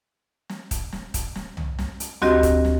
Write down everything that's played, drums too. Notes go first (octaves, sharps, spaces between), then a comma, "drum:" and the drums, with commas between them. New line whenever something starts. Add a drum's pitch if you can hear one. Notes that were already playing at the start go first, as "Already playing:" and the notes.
drum: snare
drum: kick, hi-hat
drum: snare
drum: kick, hi-hat
drum: snare
drum: tom C2
drum: snare
drum: hi-hat
D2 C4 F#4 G4 D#5 A#6, drum: snare
drum: kick, hi-hat
drum: snare